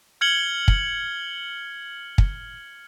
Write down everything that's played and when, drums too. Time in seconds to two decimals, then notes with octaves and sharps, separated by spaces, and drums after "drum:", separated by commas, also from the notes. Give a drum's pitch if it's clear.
0.21 F6 G#6 C#7 F#7 G7
0.68 drum: kick
2.18 drum: kick